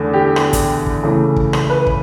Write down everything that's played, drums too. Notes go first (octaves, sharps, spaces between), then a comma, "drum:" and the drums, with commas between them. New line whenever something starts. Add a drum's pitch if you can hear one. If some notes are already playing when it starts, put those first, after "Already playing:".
Already playing: E2 D3 A3
G4
drum: rim click
drum: kick, hi-hat
drum: kick
C#3 E3 A3
drum: kick
drum: rim click
B4
drum: kick